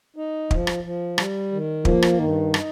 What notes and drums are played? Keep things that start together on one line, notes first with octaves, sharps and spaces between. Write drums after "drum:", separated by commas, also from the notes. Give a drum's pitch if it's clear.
D#4
F3, drum: kick
drum: rim click
F3
G3, drum: rim click
D#3
F3 A#3, drum: kick
drum: rim click
G2 D#3
D#4, drum: rim click